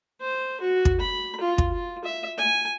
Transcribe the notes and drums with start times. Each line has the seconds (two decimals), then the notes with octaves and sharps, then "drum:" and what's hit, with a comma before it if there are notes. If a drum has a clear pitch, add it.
0.21 C5
0.61 F#4
0.85 drum: kick
1.00 B5
1.41 F4
1.58 drum: kick
1.71 F4
2.04 E5
2.38 G#5